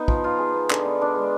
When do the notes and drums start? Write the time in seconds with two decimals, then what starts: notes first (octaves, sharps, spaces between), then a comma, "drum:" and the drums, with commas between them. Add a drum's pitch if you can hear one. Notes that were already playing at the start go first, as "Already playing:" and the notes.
Already playing: B3 D#4
0.08 F3, drum: kick
0.24 F4
0.39 G#4
0.54 B3
0.70 D3, drum: clap
0.85 B3
1.01 D4
1.16 G#3